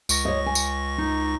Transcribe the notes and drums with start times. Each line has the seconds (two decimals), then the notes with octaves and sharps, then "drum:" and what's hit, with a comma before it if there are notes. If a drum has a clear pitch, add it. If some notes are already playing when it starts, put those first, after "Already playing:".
0.09 C#2 C#6 A#6, drum: tambourine
0.25 C#5 D#5
0.46 G#5
0.55 drum: tambourine
0.98 D#4